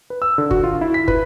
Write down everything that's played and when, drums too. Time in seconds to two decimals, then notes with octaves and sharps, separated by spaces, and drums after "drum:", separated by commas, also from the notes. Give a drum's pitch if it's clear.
0.10 B4
0.22 E6
0.38 D3
0.51 F#4, drum: kick
0.64 F4
0.81 E4
0.94 B6
1.08 B4, drum: kick